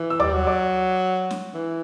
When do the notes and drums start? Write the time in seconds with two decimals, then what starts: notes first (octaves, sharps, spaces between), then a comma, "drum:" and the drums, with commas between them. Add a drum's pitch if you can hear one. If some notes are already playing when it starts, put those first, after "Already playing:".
Already playing: E3
0.10 E6
0.20 G3 D5 D6, drum: tom D#2
0.33 F#3
0.47 D5 D6
1.31 drum: snare
1.54 E3